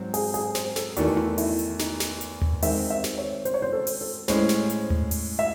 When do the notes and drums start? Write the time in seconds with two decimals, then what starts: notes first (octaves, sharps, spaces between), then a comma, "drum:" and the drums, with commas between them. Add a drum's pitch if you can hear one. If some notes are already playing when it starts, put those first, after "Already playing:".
Already playing: G#2 F#3 C4
0.14 G#4, drum: open hi-hat
0.34 G#4, drum: hi-hat
0.55 C5, drum: snare
0.76 A4, drum: snare
0.97 E2 D#3 A3 F#4, drum: hi-hat
1.17 drum: tom D#4
1.38 E4, drum: open hi-hat
1.59 drum: hi-hat
1.79 D#4, drum: snare
2.00 drum: snare
2.21 drum: hi-hat
2.42 drum: tom D#2
2.62 D#3 G#3 C4 E5, drum: open hi-hat
2.90 E5
3.04 drum: snare
3.18 C#5
3.45 C5, drum: hi-hat
3.54 C#5
3.62 C5
3.73 A4
3.87 drum: open hi-hat
4.01 A4
4.28 A2 G#3 C#4 C5, drum: snare
4.49 drum: snare
4.70 drum: hi-hat
4.90 drum: tom D#2
5.11 drum: open hi-hat
5.39 E5